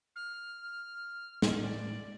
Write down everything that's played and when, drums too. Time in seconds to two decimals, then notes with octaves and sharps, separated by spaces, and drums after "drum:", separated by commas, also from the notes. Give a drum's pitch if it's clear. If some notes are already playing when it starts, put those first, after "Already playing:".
0.16 F6
1.42 A2 G#3 A3, drum: snare
1.62 D5